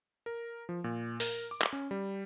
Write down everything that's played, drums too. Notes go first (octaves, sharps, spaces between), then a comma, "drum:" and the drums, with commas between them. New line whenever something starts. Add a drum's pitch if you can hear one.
A#4
F3
A#2
A#4, drum: open hi-hat
D6
drum: clap
C#4
G3